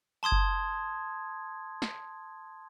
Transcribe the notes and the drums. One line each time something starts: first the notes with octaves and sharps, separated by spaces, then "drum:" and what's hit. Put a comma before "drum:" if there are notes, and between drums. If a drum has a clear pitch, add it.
A5 C6 D#6 G#6
drum: kick F#1
drum: snare